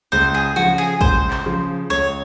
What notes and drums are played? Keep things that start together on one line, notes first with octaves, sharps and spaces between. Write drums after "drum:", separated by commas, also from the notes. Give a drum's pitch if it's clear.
C#2 C5
G#4
C#3 F3 F#4
G#4
C#2 C5, drum: kick
drum: clap
C#3 F3
C#2 C#5